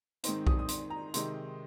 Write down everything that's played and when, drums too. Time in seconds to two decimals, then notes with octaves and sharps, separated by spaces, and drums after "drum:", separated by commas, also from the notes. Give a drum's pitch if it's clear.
0.24 G#2 D#3 C4 D#4 C6, drum: hi-hat
0.47 D#6, drum: kick B1
0.59 D#6
0.68 C6, drum: hi-hat
0.90 A#5
1.14 C3 D#3 G#3 D#4 C6, drum: hi-hat